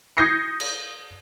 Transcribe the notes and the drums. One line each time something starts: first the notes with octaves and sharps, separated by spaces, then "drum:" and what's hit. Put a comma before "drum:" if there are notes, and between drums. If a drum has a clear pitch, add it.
D#6 G6 G#6 A#6 C7 C#7
drum: cymbal